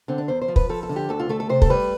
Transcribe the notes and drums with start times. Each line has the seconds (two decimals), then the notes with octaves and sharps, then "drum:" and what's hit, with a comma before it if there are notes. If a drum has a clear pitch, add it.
0.08 D3 C4
0.18 D4
0.28 E2 C5
0.42 C5
0.48 F3
0.56 B4, drum: kick
0.69 F3 A4
0.83 A4
0.89 D3
0.96 G4
1.09 D2 A4
1.19 F4
1.29 A3 A4
1.40 A4
1.49 C3 C5
1.62 A4, drum: kick
1.70 G3 B4